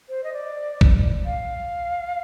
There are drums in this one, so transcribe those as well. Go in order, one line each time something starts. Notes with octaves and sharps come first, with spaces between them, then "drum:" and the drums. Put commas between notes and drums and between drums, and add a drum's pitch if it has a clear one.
C5
D#5
D5
drum: kick A#1
F5